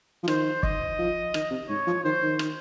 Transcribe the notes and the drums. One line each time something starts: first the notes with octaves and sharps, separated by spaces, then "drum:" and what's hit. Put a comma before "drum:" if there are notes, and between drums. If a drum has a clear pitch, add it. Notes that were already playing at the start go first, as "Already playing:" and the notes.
F3
D#3 C5, drum: rim click
D#5, drum: kick
F3
D#3, drum: rim click
C3
G#2 C#5
F3
D#3 C5
D#3
drum: rim click